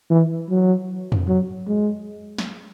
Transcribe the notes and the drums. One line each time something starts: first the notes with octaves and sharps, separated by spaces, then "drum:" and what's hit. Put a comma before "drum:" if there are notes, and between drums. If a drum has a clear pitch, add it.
E3
F#3
drum: tom F2
F#3
G#3
drum: snare